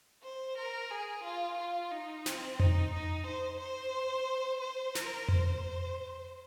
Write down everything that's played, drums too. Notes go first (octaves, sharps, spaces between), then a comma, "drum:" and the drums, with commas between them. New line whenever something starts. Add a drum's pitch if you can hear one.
C5
A#4
G#4
F4
F4
D#4
C4, drum: snare
D#4, drum: tom F2
D#4
C5
C5
C5
A#4, drum: snare
C5, drum: tom F2